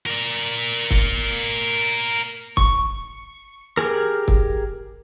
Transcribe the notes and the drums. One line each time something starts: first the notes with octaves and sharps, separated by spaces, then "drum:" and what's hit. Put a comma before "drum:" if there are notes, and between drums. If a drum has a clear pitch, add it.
A#4 D5
drum: kick
C#6, drum: kick
G4 G#4 A#4
drum: kick